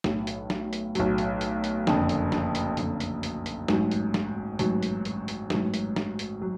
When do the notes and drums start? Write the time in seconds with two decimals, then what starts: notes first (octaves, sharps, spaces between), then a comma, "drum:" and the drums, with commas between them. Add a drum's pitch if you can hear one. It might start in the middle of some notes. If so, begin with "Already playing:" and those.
0.04 B1 A2 F#3, drum: snare
0.27 drum: hi-hat
0.50 drum: snare
0.73 drum: hi-hat
0.95 B1 A2 F#3, drum: hi-hat
1.18 drum: hi-hat
1.41 drum: hi-hat
1.64 drum: hi-hat
1.87 F#1 F2 D3, drum: snare
2.09 drum: hi-hat
2.32 drum: snare
2.55 drum: hi-hat
2.77 F#1 F2 D3, drum: hi-hat
3.00 drum: hi-hat
3.23 drum: hi-hat
3.46 drum: hi-hat
3.68 A1 G#2 F#3, drum: snare
3.91 drum: hi-hat
4.14 drum: snare
4.59 A1 G#2 F#3, drum: hi-hat
4.83 drum: hi-hat
5.05 drum: hi-hat
5.28 drum: hi-hat
5.50 A1 G#2 F#3, drum: snare
5.74 drum: hi-hat
5.96 drum: snare
6.19 drum: hi-hat
6.42 F#3